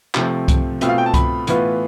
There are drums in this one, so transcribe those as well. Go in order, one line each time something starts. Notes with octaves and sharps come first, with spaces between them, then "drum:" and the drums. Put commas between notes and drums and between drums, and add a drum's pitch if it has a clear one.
C3 F3 A3 C4, drum: clap
drum: kick C2, hi-hat
B2 A3 C4 F4 E5, drum: hi-hat
F5
G5
A5
B5, drum: kick C2, hi-hat
A2 E3 B3 F4, drum: hi-hat